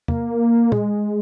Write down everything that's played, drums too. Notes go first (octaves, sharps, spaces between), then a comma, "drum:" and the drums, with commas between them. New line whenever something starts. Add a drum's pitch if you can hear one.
A#3, drum: tom
G#3, drum: tom